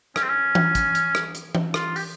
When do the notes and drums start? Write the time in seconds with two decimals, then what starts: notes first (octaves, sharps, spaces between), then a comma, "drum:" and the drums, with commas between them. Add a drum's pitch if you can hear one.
0.16 C#4, drum: rim click
0.23 C4
0.30 C#4
0.55 drum: tom E3
0.75 drum: kick, hi-hat
0.95 drum: hi-hat
1.15 drum: rim click
1.35 drum: hi-hat
1.55 drum: tom E3
1.74 F4, drum: rim click
1.96 G4, drum: open hi-hat